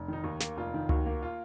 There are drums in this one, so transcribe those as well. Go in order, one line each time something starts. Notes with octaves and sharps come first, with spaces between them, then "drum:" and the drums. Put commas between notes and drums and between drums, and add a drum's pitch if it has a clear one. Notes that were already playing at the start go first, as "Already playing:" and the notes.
Already playing: F1
D#3 D#4
D#2
A#3, drum: snare
F1 F4
D#3
D#2 F#4, drum: tom C#2
A#3
F4